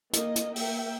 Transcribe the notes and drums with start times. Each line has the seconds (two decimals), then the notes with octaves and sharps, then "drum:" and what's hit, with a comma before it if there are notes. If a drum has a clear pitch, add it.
0.13 D#3 A#3 D#5, drum: hi-hat
0.36 drum: hi-hat
0.56 A#3 E5 G5, drum: open hi-hat